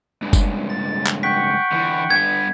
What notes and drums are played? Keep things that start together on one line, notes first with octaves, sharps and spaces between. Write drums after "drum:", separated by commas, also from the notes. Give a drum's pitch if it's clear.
C#2 G2
drum: kick F#1, tambourine
A6
drum: clap
F#5 G5 C#6 G6 B6
D3 E3
G2 B3 G#6